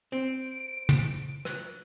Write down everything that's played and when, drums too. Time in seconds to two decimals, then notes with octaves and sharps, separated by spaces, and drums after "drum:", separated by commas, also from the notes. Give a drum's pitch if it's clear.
0.12 C4 D7
0.89 drum: tom
1.45 F#6, drum: rim click